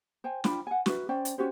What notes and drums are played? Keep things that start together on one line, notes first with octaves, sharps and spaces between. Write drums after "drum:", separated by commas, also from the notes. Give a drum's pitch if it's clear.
C5 G5 G#5
D4 F4 G5 B5, drum: snare
F#5 G#5
F#4 B4 E5, drum: snare
C#4 C5 D5 G5
drum: hi-hat
C#4 F#4 G4 C5